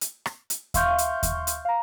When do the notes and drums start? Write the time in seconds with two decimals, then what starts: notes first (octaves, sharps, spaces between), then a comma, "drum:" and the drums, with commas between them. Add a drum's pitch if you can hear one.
0.01 drum: hi-hat
0.26 drum: rim click
0.50 drum: hi-hat
0.74 E5 F5 C6 C#6 F6 G6, drum: kick D#2, hi-hat
0.98 drum: hi-hat
1.23 drum: kick D#2, hi-hat
1.47 drum: hi-hat
1.65 F5 A#5